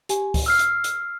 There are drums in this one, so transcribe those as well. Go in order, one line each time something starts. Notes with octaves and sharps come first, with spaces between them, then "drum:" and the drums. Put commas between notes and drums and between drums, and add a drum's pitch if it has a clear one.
G4 G#5, drum: hi-hat
drum: kick C#2, open hi-hat
E6 F6 C7
drum: hi-hat
drum: hi-hat